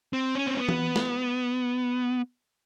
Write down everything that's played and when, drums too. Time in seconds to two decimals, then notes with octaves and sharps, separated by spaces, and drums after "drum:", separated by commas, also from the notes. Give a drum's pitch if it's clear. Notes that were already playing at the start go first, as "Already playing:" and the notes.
0.13 C4
0.35 C#4
0.47 C4
0.58 B3
0.69 drum: tom E3
0.96 drum: snare